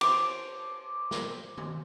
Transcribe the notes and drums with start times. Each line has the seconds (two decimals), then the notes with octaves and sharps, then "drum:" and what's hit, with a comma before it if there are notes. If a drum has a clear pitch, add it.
0.01 C5 D6, drum: cymbal
1.11 drum: snare
1.57 drum: tom D#3